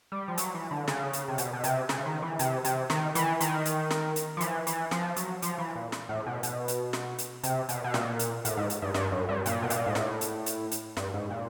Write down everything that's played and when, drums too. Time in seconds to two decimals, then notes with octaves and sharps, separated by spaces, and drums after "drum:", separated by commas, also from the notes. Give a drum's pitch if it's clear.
0.12 G3
0.28 F3
0.38 F#3, drum: hi-hat
0.54 E3
0.71 D3
0.88 C#3, drum: snare
1.13 drum: hi-hat
1.28 C3
1.38 B2, drum: hi-hat
1.53 B2
1.64 C3, drum: hi-hat
1.89 C#3, drum: snare
2.06 D#3
2.22 E3
2.39 C3, drum: hi-hat
2.64 C3, drum: hi-hat
2.90 D#3, drum: snare
3.15 E3, drum: hi-hat
3.40 D#3, drum: hi-hat
3.65 drum: hi-hat
3.91 drum: snare
4.16 drum: hi-hat
4.37 F3
4.41 E3, drum: hi-hat
4.67 E3, drum: hi-hat
4.91 F3, drum: snare
5.16 F#3, drum: hi-hat
5.42 F3, drum: hi-hat
5.58 E3
5.75 A#2
5.92 drum: snare
6.09 A2
6.26 B2
6.43 B2, drum: hi-hat
6.68 drum: hi-hat
6.93 drum: snare
7.18 drum: hi-hat
7.43 C3, drum: hi-hat
7.69 B2, drum: hi-hat
7.84 B2
7.94 A#2, drum: snare
8.19 drum: hi-hat
8.45 A2, drum: hi-hat
8.57 G#2
8.70 drum: hi-hat
8.82 G2
8.94 G2, drum: snare
9.12 F#2
9.29 G2
9.46 A#2, drum: hi-hat
9.62 B2
9.70 A#2, drum: hi-hat
9.86 G#2
9.95 A2, drum: snare
10.21 drum: hi-hat
10.46 drum: hi-hat
10.71 drum: hi-hat
10.97 G2, drum: snare
11.14 G#2
11.31 A#2